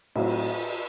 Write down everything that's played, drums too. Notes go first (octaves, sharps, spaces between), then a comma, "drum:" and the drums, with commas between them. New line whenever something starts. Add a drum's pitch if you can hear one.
A2 F#3 C4, drum: cymbal